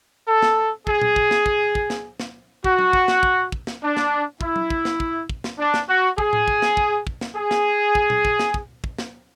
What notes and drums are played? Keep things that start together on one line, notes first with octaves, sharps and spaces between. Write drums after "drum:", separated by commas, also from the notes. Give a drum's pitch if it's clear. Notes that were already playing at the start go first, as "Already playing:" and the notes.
A4
drum: snare
G#4, drum: kick
drum: tom A#2
drum: kick
drum: snare
drum: kick
drum: kick
drum: snare
drum: snare
F#4, drum: kick
drum: tom F#3
drum: kick
drum: snare
drum: kick
drum: kick
drum: snare
D4
drum: snare
E4, drum: kick
drum: tom F#3
drum: kick
drum: snare
drum: kick
drum: kick
drum: snare
D4
drum: snare
F#4
G#4, drum: kick
drum: tom A2
drum: kick
drum: snare
drum: kick
drum: kick
drum: snare
G#4
drum: snare
drum: kick
drum: tom A#2
drum: kick
drum: snare
drum: kick
drum: kick
drum: snare